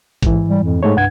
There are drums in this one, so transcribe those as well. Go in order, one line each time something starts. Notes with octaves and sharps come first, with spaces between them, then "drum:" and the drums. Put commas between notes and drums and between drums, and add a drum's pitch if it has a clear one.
G#2 E3, drum: kick A1, hi-hat
G3
F2
G#2 G#3 A3 C#5
C2 G2 F#5 G#6